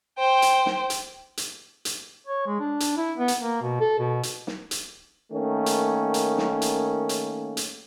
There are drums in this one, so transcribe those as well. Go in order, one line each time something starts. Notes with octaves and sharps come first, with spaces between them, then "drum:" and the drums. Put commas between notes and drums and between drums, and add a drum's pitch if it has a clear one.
C5 G5
drum: hi-hat
drum: snare
drum: hi-hat
drum: hi-hat
drum: hi-hat
C#5
G#3
D4
drum: hi-hat
E4
B3
drum: hi-hat
A#3
B2
A4
B2
drum: hi-hat
drum: snare
drum: hi-hat
D#3 A3 A#3 C#4
drum: hi-hat
drum: hi-hat
drum: snare
drum: hi-hat
drum: hi-hat
drum: hi-hat